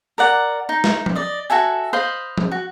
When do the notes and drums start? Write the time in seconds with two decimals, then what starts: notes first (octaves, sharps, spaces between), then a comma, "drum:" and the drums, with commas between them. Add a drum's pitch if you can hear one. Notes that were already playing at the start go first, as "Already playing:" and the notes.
0.18 A#4 D5 F#5
0.69 D#4
0.84 drum: snare
1.06 drum: tom
1.15 D5 D#5
1.50 F#4 A4 E5 G#5
1.93 C5 D#5 F5 B5
2.38 drum: tom
2.52 F#4